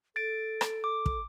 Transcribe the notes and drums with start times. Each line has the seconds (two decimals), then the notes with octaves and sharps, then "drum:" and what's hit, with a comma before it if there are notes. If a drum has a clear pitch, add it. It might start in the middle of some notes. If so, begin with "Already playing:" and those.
0.16 A4 A6 D7
0.61 drum: rim click
0.84 D6
1.06 drum: kick